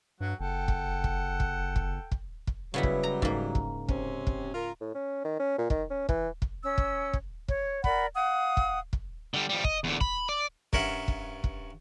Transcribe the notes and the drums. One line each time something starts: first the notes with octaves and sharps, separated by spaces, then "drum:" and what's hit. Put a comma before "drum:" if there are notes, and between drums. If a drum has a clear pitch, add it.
G2 F#3 F#4
F#1 A4 F#5 G5
drum: kick
drum: kick
drum: kick
drum: kick
drum: kick
drum: kick
C#3 F#3 G3 B3 E4
drum: kick
A#5
G#2 A#3, drum: kick
drum: kick
C3 C4 C#4, drum: kick
drum: kick
F4 A#4
A2
C#4
D#3
C#4
A#2
D#3, drum: kick
C#4
E3, drum: kick
drum: kick
C#4 E6
drum: kick
drum: kick
C#5, drum: kick
A#4 D5 F#5 B5, drum: kick
F5 F#5 D#6
drum: kick
drum: kick
D3 G3
F3 G3
D#5, drum: kick
E2 D3
B5, drum: kick
D5
G2 C#4 A#4 E5 F#5, drum: kick
drum: kick
drum: kick